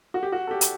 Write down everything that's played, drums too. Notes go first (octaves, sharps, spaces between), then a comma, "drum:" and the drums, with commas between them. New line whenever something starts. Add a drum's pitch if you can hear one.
F#4
G4
F#4
A4
G4
drum: hi-hat